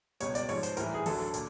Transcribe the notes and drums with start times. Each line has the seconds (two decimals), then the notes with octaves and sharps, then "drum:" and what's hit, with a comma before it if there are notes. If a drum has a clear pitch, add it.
0.20 C#2 B2 G3 C#5, drum: hi-hat
0.35 D5, drum: hi-hat
0.49 G#2 F3 C#5, drum: open hi-hat
0.63 C5, drum: hi-hat
0.77 A2 E3 G3 A#4, drum: hi-hat
0.94 G#4
1.06 D2 D3 F#3 A4, drum: open hi-hat
1.20 A4
1.34 A#2, drum: hi-hat